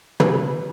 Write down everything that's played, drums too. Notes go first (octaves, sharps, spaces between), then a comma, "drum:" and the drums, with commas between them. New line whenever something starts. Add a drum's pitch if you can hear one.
B4, drum: tom